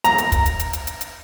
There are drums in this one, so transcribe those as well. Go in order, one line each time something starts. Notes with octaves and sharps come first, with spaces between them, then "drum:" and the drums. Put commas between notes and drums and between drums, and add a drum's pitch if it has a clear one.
A#5, drum: hi-hat
drum: hi-hat
drum: kick, hi-hat
drum: hi-hat
drum: hi-hat
drum: hi-hat
drum: hi-hat
drum: hi-hat